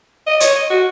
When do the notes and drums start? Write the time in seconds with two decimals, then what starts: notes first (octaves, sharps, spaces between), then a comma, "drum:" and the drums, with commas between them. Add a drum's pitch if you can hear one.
0.27 D#5
0.40 C#5, drum: hi-hat
0.56 D#5
0.70 F#4